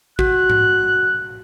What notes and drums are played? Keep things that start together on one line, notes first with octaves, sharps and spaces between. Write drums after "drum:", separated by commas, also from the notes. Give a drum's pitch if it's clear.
F#4 F#6, drum: kick
drum: tom G#2